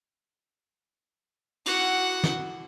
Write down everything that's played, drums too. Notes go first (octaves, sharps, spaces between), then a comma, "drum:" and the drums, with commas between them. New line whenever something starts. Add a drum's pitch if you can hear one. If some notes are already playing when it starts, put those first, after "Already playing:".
F#4 F#5, drum: cymbal
drum: snare